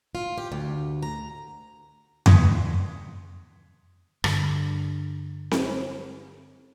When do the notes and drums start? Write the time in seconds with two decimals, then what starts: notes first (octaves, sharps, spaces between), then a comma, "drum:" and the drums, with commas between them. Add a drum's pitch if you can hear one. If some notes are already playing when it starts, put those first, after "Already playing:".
0.15 F4
0.38 G4
0.52 D2
1.03 A#5
2.26 C6 D#6 G#6 A#6 B6 C#7, drum: tom F2
4.24 G2 D3, drum: rim click
5.51 drum: snare C4